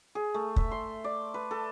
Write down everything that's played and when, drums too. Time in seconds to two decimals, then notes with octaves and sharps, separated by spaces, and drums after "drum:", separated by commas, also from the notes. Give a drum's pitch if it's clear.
0.15 G#4
0.34 A3
0.56 E5, drum: kick
0.71 C6
1.04 D5
1.34 B4
1.51 A4